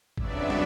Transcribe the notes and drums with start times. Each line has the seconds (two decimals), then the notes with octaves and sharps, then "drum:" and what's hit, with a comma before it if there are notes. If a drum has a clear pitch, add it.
0.17 F2 C#3 F#3 B3 D4 D5 E5, drum: kick G#1
0.50 drum: snare